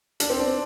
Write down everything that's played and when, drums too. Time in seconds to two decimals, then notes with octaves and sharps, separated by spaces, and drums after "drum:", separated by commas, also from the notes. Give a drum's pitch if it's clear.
0.20 D4, drum: hi-hat
0.30 C4
0.39 D4